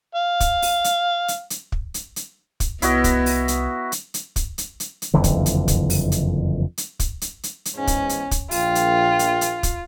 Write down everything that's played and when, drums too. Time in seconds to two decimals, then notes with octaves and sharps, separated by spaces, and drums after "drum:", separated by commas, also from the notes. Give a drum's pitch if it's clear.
0.15 F5
0.40 drum: kick, hi-hat
0.62 drum: open hi-hat
0.84 drum: hi-hat
1.28 drum: hi-hat
1.50 drum: hi-hat
1.72 drum: kick
1.94 drum: hi-hat
2.16 drum: hi-hat
2.60 drum: kick, hi-hat
2.82 C2 B3 E4 F#4 D#5, drum: hi-hat
3.04 drum: kick, hi-hat
3.26 drum: open hi-hat
3.48 drum: hi-hat
3.92 drum: hi-hat
4.14 drum: hi-hat
4.36 drum: kick, hi-hat
4.58 drum: hi-hat
4.80 drum: hi-hat
5.02 drum: hi-hat
5.14 F#1 F2 D3 E3
5.24 drum: kick, hi-hat
5.46 drum: hi-hat
5.68 drum: kick, hi-hat
5.90 drum: open hi-hat
6.12 drum: hi-hat
6.78 drum: hi-hat
7.00 drum: kick, hi-hat
7.21 drum: hi-hat
7.43 drum: hi-hat
7.65 drum: hi-hat
7.76 E2 G#2 C#4
7.87 drum: kick, hi-hat
8.09 drum: hi-hat
8.31 drum: kick, hi-hat
8.51 A#1 F4 G5, drum: open hi-hat
8.75 drum: hi-hat
9.19 drum: hi-hat
9.41 drum: hi-hat
9.63 drum: kick, hi-hat